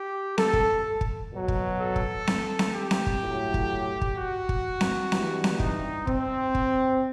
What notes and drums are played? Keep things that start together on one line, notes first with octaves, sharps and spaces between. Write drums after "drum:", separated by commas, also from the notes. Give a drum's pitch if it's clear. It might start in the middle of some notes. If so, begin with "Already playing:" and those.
Already playing: G4
A4, drum: snare C4
drum: kick
drum: kick
B2 F#3
drum: kick
A4
drum: kick
drum: snare C4
drum: snare C4
G4
drum: snare C4
drum: kick
A2 F#3
drum: kick
drum: kick
F#4
drum: kick
drum: snare C4
G2 E3 G3, drum: snare C4
drum: snare C4
D#4, drum: kick
C4, drum: kick
drum: kick